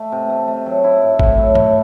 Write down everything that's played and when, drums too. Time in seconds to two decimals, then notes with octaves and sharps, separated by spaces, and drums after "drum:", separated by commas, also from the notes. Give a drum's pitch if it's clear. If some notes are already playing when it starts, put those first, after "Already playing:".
Already playing: A3
0.12 C3
0.30 A3
0.48 A3
0.66 F#3
0.84 E4
1.02 A2
1.19 A2, drum: kick A1
1.37 F#3
1.55 A2, drum: tom G2